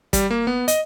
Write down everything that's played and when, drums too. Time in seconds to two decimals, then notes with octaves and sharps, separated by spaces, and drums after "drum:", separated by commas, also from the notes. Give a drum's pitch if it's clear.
0.13 G3, drum: kick F#1, hi-hat
0.31 A#3
0.47 B3
0.68 D#5, drum: hi-hat